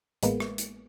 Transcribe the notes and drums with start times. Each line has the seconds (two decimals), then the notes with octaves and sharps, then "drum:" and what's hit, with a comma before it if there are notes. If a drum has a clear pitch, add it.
0.23 A1 G#3 A#3 B3, drum: hi-hat
0.40 drum: rim click
0.58 drum: hi-hat